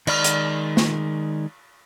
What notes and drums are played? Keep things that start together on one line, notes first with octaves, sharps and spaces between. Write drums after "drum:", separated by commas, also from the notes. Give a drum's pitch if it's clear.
D#3 G#3 D5 B5 F6, drum: cymbal
drum: hi-hat
drum: snare